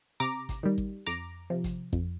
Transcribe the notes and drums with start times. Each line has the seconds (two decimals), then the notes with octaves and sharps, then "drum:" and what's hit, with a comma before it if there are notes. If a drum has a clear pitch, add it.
0.20 C3 A#5 D6
0.49 drum: kick G#1, hi-hat
0.63 D#3 G3
0.78 drum: kick G#1
1.06 F2 A#5 D6, drum: hi-hat
1.50 C3 F3
1.64 drum: kick G#1, hi-hat
1.93 F2, drum: kick G#1